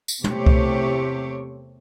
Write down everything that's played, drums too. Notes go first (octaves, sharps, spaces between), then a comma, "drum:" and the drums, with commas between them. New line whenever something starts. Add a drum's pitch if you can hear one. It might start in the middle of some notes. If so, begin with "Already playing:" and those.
drum: tambourine
E2 C3 A3 C4 G4 C#5, drum: tom
drum: kick C2